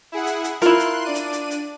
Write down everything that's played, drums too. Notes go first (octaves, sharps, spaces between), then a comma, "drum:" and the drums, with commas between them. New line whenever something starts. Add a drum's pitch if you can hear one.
E4 G#4 F#5
drum: hi-hat
drum: hi-hat
E4 F4 A#4 C6 F#6, drum: hi-hat
drum: hi-hat
D4 D5 D#7
drum: hi-hat
drum: hi-hat
drum: hi-hat